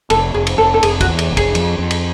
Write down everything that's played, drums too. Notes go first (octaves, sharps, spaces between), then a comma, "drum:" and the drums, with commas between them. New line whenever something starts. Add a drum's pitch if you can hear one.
F1 A4, drum: cymbal
F1 G#4
drum: cymbal
F1 A4
A4
F1 G#4, drum: cymbal
F#4, drum: kick, cymbal
E2
drum: cymbal
F1
G#4, drum: kick, cymbal
F2, drum: cymbal
F2
drum: cymbal